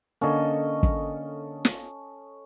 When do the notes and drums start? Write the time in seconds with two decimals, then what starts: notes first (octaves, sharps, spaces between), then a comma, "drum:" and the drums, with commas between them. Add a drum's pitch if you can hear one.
0.21 D3 A#3 C#4 A4 D#5
0.83 drum: kick
1.65 drum: snare